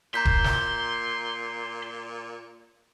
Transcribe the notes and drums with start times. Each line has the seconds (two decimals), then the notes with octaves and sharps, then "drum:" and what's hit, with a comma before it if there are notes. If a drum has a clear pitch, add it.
0.14 A#2 A#5 C6 G6 B6
0.25 drum: kick D#1
0.44 drum: snare